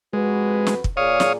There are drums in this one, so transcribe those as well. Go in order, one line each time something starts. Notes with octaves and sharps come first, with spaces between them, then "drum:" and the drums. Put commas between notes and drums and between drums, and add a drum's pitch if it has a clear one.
F2 G#3 F#4 B4
drum: snare
drum: kick
A#2 G#4 C#5 D5 F5 D#6
drum: snare